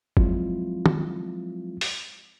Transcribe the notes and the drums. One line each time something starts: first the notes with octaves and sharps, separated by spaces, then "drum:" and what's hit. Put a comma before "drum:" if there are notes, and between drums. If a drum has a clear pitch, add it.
F3 F#3 G#3 C4 E4 F4, drum: kick G1
drum: tom
drum: open hi-hat